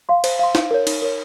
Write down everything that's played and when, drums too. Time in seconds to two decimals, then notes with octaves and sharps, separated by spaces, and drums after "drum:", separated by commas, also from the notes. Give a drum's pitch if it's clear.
0.09 F5 C6
0.24 C5, drum: cymbal
0.39 F5 C6
0.55 D#4, drum: snare
0.71 A#4 C#5
0.87 D#4, drum: cymbal
1.02 A#4 C#5